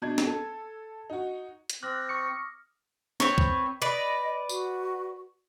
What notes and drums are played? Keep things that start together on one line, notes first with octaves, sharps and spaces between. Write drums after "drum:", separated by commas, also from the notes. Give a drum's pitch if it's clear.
B2 D4 D#4 G#6
drum: snare
A4
D#4 F#4
drum: hi-hat
C4 D6 F6 F#6 A#6
C#6 D#6 C#7
C4 B4 C#5, drum: snare
drum: kick
B4 D5 D#5
F#4, drum: tambourine